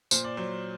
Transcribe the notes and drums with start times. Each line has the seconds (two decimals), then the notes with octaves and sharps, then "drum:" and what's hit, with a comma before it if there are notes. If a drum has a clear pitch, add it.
0.11 A#2 C5, drum: tambourine
0.24 D5
0.37 F#3 C5